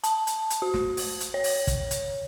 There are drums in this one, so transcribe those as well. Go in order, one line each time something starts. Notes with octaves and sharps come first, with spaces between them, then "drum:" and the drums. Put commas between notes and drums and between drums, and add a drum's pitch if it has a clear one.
A5, drum: hi-hat
drum: hi-hat
drum: hi-hat
F#4
drum: snare
drum: open hi-hat
drum: hi-hat
C#5
drum: open hi-hat
drum: kick, hi-hat
drum: hi-hat